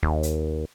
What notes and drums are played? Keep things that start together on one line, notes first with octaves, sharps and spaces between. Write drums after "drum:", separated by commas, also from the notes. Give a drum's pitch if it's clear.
D#2, drum: kick
drum: hi-hat